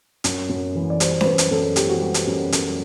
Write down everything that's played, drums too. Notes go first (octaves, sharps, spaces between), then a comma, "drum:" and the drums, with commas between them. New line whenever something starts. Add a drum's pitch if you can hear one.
F#2, drum: hi-hat
F#2
E3
D5
G3 C5, drum: hi-hat
C5, drum: snare C#4
F#2 B4
drum: hi-hat
F#2 A4
E3 G4, drum: hi-hat
F#4
G3 G4
drum: hi-hat
F#2
F#2, drum: hi-hat